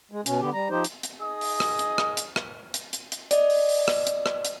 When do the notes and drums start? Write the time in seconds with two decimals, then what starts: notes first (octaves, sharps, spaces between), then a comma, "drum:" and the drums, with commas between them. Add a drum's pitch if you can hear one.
0.12 G#3
0.26 B2 C#4, drum: hi-hat
0.41 D3 B3 G4
0.53 G3 A#5
0.70 F3 D#4 G4 C5
0.84 drum: hi-hat
1.03 drum: hi-hat
1.21 D#4 G#4 D#5 D#6
1.41 drum: open hi-hat
1.60 drum: rim click
1.79 drum: hi-hat
1.98 drum: rim click
2.17 drum: hi-hat
2.36 drum: rim click
2.74 drum: hi-hat
2.93 drum: hi-hat
3.12 drum: hi-hat
3.31 D5 D#5, drum: hi-hat
3.50 drum: open hi-hat
3.69 drum: open hi-hat
3.88 drum: rim click
4.07 drum: hi-hat
4.26 drum: rim click
4.45 drum: hi-hat